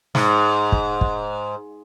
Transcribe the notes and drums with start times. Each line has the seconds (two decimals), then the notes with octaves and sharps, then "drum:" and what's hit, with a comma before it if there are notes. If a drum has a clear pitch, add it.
0.15 G#2, drum: snare
0.72 drum: kick
1.01 drum: kick